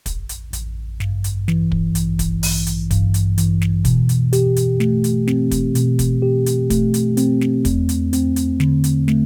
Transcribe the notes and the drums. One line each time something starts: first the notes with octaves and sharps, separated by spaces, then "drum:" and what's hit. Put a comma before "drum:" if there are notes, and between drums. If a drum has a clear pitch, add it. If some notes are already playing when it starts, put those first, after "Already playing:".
A1, drum: kick, hi-hat
drum: hi-hat
A1, drum: hi-hat
G2, drum: snare
drum: hi-hat
E3, drum: snare
drum: kick
A1, drum: hi-hat
drum: kick, hi-hat
A1, drum: open hi-hat
drum: hi-hat
G2, drum: kick, hi-hat
drum: hi-hat
E3, drum: hi-hat
drum: snare
B2, drum: kick, hi-hat
drum: hi-hat
G4, drum: hi-hat
drum: hi-hat
A3, drum: snare
drum: hi-hat
C4, drum: snare
drum: kick, hi-hat
B2, drum: hi-hat
drum: kick, hi-hat
G4
drum: hi-hat
A3, drum: kick, hi-hat
drum: hi-hat
C4, drum: hi-hat
drum: snare
E2, drum: kick, hi-hat
drum: hi-hat
C4, drum: hi-hat
drum: hi-hat
D3, drum: snare
drum: hi-hat
A3, drum: snare